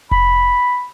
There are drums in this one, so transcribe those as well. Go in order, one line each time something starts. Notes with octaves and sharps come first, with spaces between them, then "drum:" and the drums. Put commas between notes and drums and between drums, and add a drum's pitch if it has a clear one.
B5, drum: kick F1